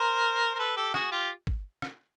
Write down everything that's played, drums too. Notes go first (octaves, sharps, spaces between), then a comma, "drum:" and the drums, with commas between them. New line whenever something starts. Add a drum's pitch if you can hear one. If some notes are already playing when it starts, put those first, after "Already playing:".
Already playing: A#4 C5
A#4
A4 B4
G4 A4
F#4 G#4, drum: rim click
F4 G4
drum: kick
drum: rim click